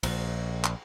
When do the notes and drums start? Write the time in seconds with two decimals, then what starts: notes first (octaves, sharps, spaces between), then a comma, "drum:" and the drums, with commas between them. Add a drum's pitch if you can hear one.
0.03 A#1, drum: cymbal
0.64 drum: clap